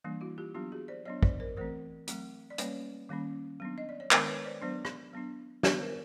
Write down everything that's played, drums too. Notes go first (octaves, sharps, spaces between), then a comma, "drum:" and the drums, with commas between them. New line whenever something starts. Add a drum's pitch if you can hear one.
E3 G3 A#3 D4
E4 F#4
F4 G4
F#3 B3 D4 F4 G4
F#4 G#4
C5 D5
F#3 B3 D4 C#5 D#5
C5 D5, drum: kick
A#4 C5
E3 A3 C4 A#4 C5
F#3 A3 C4, drum: hi-hat
D5
G3 A#3 C#4 B4 C#5, drum: hi-hat
D#3 G3 A#3 C#4
F#3 B3 D4
D#5
D5
C#5
D#3 G#3 B3 D4 A#4 C5, drum: clap
B4 C#5
C5 D5
F#3 B3 D4 C5 D5
drum: rim click
F#3 B3 D4
D#3 G3 B3 D4 B4 C#5, drum: snare
A#4 C5